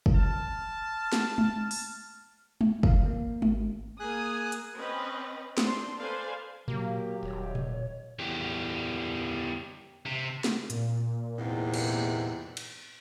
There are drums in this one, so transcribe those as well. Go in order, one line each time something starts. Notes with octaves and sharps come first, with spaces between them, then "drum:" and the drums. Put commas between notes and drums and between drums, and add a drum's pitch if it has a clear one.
drum: kick
A5 F6
drum: snare
drum: tom G#3
drum: open hi-hat
drum: tom G#3
F5, drum: kick
A#3
G#1, drum: tom G#3
A#3 G#4 G#5 D#6 F#6
drum: hi-hat
C4 C#4 B4 D#5 G5
C4 D4 C5 C6, drum: snare
A4 B4 C5 D5 F5 G#5
F#3 A#3 G4, drum: tom A#2
D#1 C#5
drum: tom A#2
E2 G3
C3
drum: snare
A#2, drum: hi-hat
E2 G#2 C3
drum: cymbal
drum: cymbal